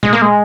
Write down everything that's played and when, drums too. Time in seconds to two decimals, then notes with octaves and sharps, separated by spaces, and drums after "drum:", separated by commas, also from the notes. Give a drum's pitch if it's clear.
0.03 G#3, drum: tom A#2
0.13 A#3
0.22 G#3